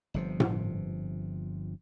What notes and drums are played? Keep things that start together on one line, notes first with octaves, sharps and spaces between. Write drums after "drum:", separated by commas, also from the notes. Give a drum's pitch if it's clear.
G1 C3 F3
drum: tom A2